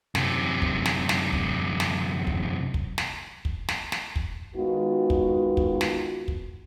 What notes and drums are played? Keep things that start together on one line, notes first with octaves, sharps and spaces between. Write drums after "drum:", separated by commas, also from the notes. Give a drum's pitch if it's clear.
F#2 C3, drum: snare
drum: kick
drum: snare
drum: snare
drum: kick
drum: snare
drum: kick
drum: kick
drum: snare
drum: kick
drum: snare
drum: snare
drum: kick
D#3 G#3 B3 F4 F#4
drum: kick
drum: kick
drum: snare
drum: kick